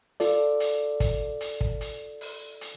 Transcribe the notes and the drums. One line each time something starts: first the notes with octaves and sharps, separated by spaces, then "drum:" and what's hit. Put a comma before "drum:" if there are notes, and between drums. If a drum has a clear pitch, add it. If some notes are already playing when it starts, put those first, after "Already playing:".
F4 A4 D5, drum: hi-hat
drum: hi-hat
drum: kick, hi-hat
drum: hi-hat
drum: kick
drum: hi-hat
drum: open hi-hat
drum: hi-hat